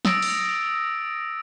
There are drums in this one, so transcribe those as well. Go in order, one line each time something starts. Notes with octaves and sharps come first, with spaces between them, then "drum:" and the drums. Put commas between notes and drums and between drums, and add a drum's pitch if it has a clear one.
D#6 E6 A6 A#6 D7, drum: snare
drum: cymbal